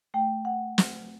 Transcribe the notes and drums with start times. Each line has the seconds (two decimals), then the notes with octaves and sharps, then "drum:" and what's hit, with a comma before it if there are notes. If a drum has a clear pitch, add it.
0.14 A3 G5
0.45 F#5
0.78 drum: snare